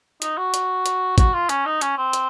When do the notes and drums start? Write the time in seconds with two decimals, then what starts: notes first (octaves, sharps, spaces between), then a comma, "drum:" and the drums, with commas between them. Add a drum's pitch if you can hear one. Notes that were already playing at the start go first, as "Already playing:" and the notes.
0.22 D#4, drum: hi-hat
0.38 F#4
0.54 drum: hi-hat
0.86 drum: hi-hat
1.18 F#4, drum: kick, hi-hat
1.33 F4
1.49 C#4, drum: hi-hat
1.66 D#4
1.81 C#4, drum: hi-hat
1.98 C4
2.13 drum: hi-hat